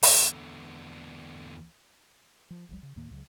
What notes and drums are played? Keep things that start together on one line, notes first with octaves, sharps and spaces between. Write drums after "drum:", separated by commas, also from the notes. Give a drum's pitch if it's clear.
E2 D3, drum: open hi-hat
F3
F1 C2 F3 G3
C#3
D#2 A2 D#3 A#3
C#2 C#3 F#3